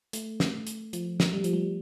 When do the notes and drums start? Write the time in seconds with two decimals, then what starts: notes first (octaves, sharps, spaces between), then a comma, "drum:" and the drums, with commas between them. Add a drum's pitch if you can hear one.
0.13 A3, drum: hi-hat
0.40 drum: snare
0.67 drum: hi-hat
0.93 F3, drum: hi-hat
1.20 drum: snare
1.33 G3
1.44 F3, drum: hi-hat
1.53 G3